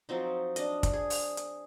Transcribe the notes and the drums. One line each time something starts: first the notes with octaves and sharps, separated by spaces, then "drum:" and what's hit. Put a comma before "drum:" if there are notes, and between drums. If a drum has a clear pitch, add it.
F3 F#3 C4 D#4
D4 D#5, drum: hi-hat
drum: kick, hi-hat
G#4
drum: open hi-hat
drum: hi-hat